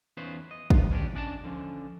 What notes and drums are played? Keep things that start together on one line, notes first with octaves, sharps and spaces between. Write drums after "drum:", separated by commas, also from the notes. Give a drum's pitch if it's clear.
E2 C#4 D#4 F4 B4 C5
D#5
G2 C3 B3 F4, drum: kick
C#4 D4 G4
C#4 D4 D5 D#5 F5 A5
D3 F3 C#4